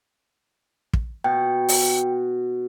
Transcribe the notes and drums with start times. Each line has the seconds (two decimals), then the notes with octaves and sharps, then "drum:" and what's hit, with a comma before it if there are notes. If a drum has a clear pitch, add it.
0.93 drum: kick
1.24 B2 G5
1.69 drum: open hi-hat